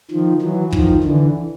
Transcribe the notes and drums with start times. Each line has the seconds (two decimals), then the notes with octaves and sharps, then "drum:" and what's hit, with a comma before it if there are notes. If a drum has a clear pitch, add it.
0.11 D#3 F3
0.41 E3 F#3
0.72 D#3 F3, drum: kick
1.04 D3 E3